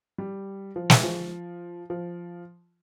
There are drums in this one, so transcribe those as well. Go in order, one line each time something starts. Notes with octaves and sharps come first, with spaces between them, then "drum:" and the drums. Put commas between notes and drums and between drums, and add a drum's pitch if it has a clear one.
G3
F3
E3, drum: snare
F3
F3